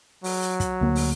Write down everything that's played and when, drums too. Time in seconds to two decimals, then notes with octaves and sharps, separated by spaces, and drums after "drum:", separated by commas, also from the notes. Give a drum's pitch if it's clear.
0.24 F#3, drum: open hi-hat
0.42 drum: hi-hat
0.60 drum: kick, hi-hat
0.81 D2 A#3
0.96 drum: open hi-hat